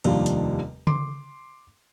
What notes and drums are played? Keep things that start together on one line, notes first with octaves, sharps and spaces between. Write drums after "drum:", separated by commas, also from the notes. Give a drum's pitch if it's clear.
F1 D#2 F3 G3 A#3 D4, drum: cymbal
drum: hi-hat
C6 D6, drum: tom C#3